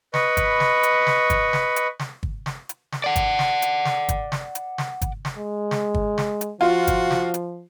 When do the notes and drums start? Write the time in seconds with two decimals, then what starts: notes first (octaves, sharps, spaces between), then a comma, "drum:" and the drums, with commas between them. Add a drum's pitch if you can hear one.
0.14 B4 D#5 B5 C#6, drum: snare
0.37 drum: kick, hi-hat
0.60 drum: snare
0.83 drum: hi-hat
1.07 drum: snare
1.30 drum: kick, hi-hat
1.53 drum: snare
1.76 drum: hi-hat
2.00 drum: snare
2.23 drum: kick
2.46 drum: snare
2.69 drum: hi-hat
2.92 drum: snare
3.04 D5 F#5
3.16 drum: kick, hi-hat
3.39 drum: snare
3.62 drum: hi-hat
3.85 drum: snare
4.09 drum: kick, hi-hat
4.32 drum: snare
4.55 drum: hi-hat
4.78 drum: snare
5.02 drum: kick, hi-hat
5.25 drum: snare
5.37 G#3
5.71 drum: snare
5.94 drum: kick
6.18 drum: snare
6.41 drum: hi-hat
6.61 F3 F4 F#4
6.87 drum: kick, hi-hat
7.11 drum: snare
7.34 drum: hi-hat